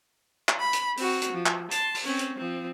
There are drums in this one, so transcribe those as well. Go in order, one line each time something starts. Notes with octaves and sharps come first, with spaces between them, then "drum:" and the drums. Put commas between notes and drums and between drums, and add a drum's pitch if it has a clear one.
drum: clap
B5
drum: hi-hat
C4 F#4, drum: open hi-hat
drum: hi-hat
F3
drum: clap
A5 C6, drum: hi-hat
drum: open hi-hat
C4 C#4
drum: hi-hat
F3 C4